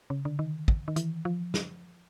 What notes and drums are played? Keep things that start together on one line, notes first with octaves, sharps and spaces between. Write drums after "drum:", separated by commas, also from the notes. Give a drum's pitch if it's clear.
C#3
D3
D#3
drum: kick
D#3
E3, drum: hi-hat
F3
drum: snare